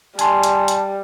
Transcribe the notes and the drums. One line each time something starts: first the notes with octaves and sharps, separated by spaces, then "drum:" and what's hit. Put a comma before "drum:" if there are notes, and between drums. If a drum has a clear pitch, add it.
G3 G#5 A5 C6, drum: hi-hat
drum: hi-hat
drum: hi-hat